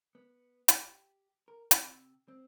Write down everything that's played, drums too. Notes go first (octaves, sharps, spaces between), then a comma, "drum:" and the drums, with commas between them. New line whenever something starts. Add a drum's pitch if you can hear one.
B3
G4, drum: hi-hat
A#4
C3, drum: hi-hat
C4